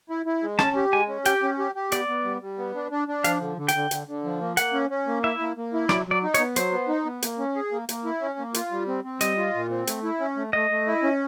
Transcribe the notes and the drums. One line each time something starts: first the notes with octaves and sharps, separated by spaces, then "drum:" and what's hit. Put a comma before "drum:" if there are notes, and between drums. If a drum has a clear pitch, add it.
E4
E4
G#3
C#4 A5, drum: rim click
G4
G#3 G#5
C#4
G4 G5, drum: hi-hat
C#4
G4
G4
B3 D5, drum: hi-hat
B3
G3
G3
B3
D4
D4
D4
F3 F5, drum: hi-hat
D3
D3
G5, drum: hi-hat
D3
D3, drum: hi-hat
D3
F3
A#3
A#3 F#5, drum: hi-hat
C#4
C#4
A#3
E4 E5
A#3
A#3
E4
F#3 D5, drum: rim click
F#3 D5
D#4
C#5, drum: hi-hat
B3
F#3 C5, drum: hi-hat
B3
D#4
B3
A#3, drum: hi-hat
C#4
G#4
A#3
A#3, drum: hi-hat
E4
C#4
A#3
F4, drum: hi-hat
G3
C4
C4
G3 D#5, drum: hi-hat
F4
A#2
C4
A3, drum: hi-hat
E4
C#4
A3
A3 D#5
A3
E4
C#4